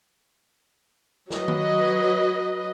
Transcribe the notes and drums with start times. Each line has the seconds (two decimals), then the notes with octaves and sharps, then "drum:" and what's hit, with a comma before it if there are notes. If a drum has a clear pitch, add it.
1.31 F#3 B4 D#5, drum: snare
1.48 drum: tom D#3